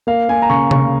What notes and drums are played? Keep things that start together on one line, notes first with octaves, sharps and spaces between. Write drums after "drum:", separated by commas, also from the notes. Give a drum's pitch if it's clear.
A#3 F5
A#3 G#5
A#5
C#3 C#6
C#3 C#6, drum: tom C3